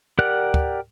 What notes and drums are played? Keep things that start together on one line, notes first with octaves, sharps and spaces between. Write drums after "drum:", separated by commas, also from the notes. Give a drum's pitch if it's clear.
G4 A#4 D5 F#5 F#6
drum: kick